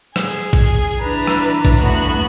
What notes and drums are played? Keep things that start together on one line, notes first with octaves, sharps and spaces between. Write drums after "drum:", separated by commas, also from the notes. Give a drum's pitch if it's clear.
G#4, drum: rim click
drum: kick A1
E3 D4 B4 A#5
drum: rim click
drum: kick A1, cymbal
E2 G2 A3 B3 F#4 F#6